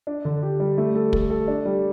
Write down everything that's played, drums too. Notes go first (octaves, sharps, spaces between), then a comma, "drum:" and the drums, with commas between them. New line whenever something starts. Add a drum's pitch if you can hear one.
D4
D3
G4
G3
A3
A4
A4, drum: kick
A4
D4
G3